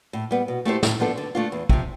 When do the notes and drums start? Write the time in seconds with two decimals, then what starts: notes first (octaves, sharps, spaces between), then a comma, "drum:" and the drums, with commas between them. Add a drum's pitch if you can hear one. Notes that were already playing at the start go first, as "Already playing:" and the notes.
0.13 A2
0.31 G3 B3
0.48 B2
0.65 A3 E4 G4 C5
0.83 A2, drum: snare
1.00 F3 B3 D4 A4
1.17 D3
1.35 A3 D4 F4
1.52 E2
1.69 C3 F3, drum: kick